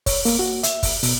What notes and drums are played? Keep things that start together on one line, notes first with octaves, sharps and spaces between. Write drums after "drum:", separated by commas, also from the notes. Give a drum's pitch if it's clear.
C#5, drum: kick, open hi-hat
A#3, drum: open hi-hat
F#4
E5, drum: hi-hat
drum: kick, open hi-hat
B2, drum: open hi-hat